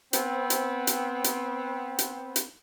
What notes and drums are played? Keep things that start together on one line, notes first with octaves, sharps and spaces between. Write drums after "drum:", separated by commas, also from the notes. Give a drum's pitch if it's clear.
B3 C4, drum: hi-hat
drum: hi-hat
drum: hi-hat
drum: hi-hat
drum: hi-hat
drum: hi-hat